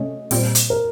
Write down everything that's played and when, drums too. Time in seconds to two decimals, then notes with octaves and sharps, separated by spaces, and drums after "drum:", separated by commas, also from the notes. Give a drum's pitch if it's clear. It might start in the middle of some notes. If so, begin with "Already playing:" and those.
Already playing: C3 A3 C#4 D#5
0.31 A#2 G3 C4, drum: open hi-hat
0.55 drum: hi-hat
0.70 A#4